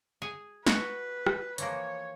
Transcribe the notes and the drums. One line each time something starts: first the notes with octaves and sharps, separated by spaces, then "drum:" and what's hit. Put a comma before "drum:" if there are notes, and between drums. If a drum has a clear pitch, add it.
G#4
F#4 B4, drum: snare
drum: rim click
E3 F3 A#3 C#5, drum: hi-hat